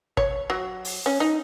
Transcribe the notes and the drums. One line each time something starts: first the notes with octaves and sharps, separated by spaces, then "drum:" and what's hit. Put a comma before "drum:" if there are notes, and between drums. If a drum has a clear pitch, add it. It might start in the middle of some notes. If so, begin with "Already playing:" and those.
C#5, drum: kick
F#3
drum: open hi-hat
C#4
D#4